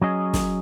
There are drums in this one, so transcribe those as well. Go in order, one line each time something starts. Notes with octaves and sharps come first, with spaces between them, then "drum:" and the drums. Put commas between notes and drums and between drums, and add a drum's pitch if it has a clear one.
F#3 C#4 G#4 D#5
drum: snare